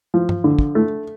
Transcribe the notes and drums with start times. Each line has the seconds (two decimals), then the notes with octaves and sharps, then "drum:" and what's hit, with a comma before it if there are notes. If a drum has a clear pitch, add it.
0.14 F3
0.29 drum: tom G2
0.44 D3
0.59 drum: kick
0.75 A3